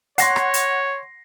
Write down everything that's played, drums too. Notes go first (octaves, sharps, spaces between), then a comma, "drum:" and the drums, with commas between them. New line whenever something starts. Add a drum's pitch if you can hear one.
C#5 F#5 C6 A#6 C7, drum: hi-hat
drum: rim click
drum: hi-hat